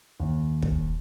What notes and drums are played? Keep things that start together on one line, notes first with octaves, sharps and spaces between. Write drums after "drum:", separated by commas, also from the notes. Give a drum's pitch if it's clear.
D#2
drum: kick